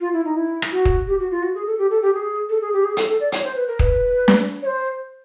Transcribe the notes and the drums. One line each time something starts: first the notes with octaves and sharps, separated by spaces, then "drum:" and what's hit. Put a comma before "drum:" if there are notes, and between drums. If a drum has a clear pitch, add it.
F4
E4
D#4
E4
drum: rim click
F#4
drum: kick
G4
F#4
F4
F#4
G#4
A4
G4
A4
G4
G#4
A4
G#4
G4
G#4
A4, drum: hi-hat
A4
D5
C#5, drum: hi-hat
C5
B4
A#4
B4, drum: kick
drum: snare
C#5
C5